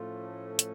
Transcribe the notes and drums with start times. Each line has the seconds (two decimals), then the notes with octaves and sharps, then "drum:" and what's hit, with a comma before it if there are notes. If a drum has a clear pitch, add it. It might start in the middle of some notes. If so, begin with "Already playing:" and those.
Already playing: A2 F3 A3 C#4 F4
0.59 drum: hi-hat